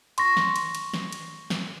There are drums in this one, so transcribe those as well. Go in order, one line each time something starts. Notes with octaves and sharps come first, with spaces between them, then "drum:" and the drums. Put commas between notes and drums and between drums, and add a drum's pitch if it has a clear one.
C6 C#6 A#6, drum: cymbal
drum: snare
drum: cymbal
drum: cymbal
drum: snare
drum: cymbal
drum: snare